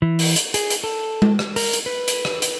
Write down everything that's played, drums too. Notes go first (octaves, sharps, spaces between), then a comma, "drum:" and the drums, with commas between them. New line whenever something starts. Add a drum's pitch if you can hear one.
E3
drum: open hi-hat
drum: hi-hat
G#4, drum: hi-hat
drum: hi-hat
A4
drum: tom G#3
drum: rim click
A#4, drum: open hi-hat
drum: hi-hat
B4
drum: hi-hat
drum: rim click
drum: hi-hat